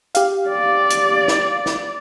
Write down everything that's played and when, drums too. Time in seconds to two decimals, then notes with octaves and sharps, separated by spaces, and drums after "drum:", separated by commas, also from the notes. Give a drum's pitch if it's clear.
0.15 G4 F5, drum: hi-hat
0.49 D5
0.90 drum: hi-hat
1.28 drum: snare
1.66 drum: snare